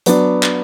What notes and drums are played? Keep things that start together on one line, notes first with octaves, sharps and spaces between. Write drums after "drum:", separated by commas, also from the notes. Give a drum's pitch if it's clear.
F#3 B3 D4, drum: hi-hat
drum: clap